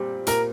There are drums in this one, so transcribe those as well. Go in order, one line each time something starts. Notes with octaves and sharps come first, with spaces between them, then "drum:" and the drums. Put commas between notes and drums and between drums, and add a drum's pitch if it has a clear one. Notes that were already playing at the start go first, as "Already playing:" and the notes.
Already playing: A#2 G3 C4 G4
A#2 A#4, drum: hi-hat